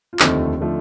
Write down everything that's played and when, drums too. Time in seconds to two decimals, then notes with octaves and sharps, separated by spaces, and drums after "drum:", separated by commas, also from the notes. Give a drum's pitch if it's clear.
0.13 F4
0.20 F1 D#2 D3 F3 A3 C4 D#4, drum: clap
0.61 D3 F3 A3